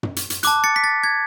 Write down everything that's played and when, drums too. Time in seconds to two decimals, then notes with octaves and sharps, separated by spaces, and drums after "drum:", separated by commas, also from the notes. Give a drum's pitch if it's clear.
0.03 drum: tom
0.16 drum: hi-hat
0.30 drum: hi-hat
0.43 A5 D6 F#6, drum: hi-hat
0.64 A6 C#7
0.76 B6
0.84 A6
1.04 G#6